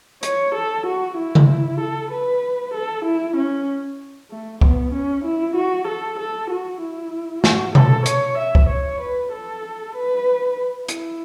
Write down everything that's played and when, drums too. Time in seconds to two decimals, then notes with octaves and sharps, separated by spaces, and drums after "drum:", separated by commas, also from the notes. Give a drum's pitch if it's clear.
0.23 C#5, drum: hi-hat
0.55 A4
0.86 F#4
1.17 E4
1.35 drum: tom C#3
1.80 A4
2.11 B4
2.74 A4
3.05 E4
3.36 C#4
4.31 A3
4.61 B3, drum: kick
4.93 C#4
5.25 E4
5.55 F#4
5.87 A4
6.19 A4
6.50 F#4
6.81 E4
7.44 F#4, drum: snare
7.75 A4, drum: tom B2
8.06 C#5, drum: hi-hat
8.38 E5
8.55 drum: kick
8.69 C#5
9.00 B4
9.32 A4
9.95 B4
10.89 E4, drum: hi-hat